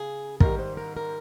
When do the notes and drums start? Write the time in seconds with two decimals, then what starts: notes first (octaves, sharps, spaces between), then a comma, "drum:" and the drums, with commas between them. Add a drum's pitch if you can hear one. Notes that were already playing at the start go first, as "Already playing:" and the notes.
Already playing: C#3 G#4
0.40 G#2 D#3 G3 A#4, drum: kick
0.59 C5
0.77 A#4
0.97 A#4